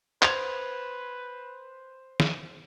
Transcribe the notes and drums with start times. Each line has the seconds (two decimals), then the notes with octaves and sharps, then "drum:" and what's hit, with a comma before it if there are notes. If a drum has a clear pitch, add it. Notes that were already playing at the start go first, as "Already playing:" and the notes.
0.22 B4 C5 G#6 F7, drum: clap
2.20 drum: snare